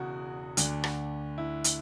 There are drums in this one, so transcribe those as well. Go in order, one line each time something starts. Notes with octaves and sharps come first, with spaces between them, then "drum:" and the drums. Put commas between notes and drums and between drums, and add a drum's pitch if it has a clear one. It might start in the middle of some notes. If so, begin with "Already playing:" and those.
Already playing: E1 E2 C#3 F#4
D2 D3, drum: hi-hat
drum: rim click
E4
drum: hi-hat